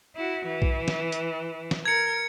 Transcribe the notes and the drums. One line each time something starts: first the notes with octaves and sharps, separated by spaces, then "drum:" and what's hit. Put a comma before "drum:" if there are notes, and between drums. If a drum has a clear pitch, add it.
E4 F#4
E3
drum: kick B1
drum: snare
drum: hi-hat
drum: snare
A#4 G#6 C#7